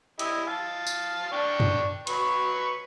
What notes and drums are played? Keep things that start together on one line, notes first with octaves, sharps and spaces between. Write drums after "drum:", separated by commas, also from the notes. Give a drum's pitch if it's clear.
E4 G4 D#5, drum: hi-hat
F5 A5
drum: tambourine
D4 G5 C#6
drum: tom F#2
F#3 B4 C#6, drum: hi-hat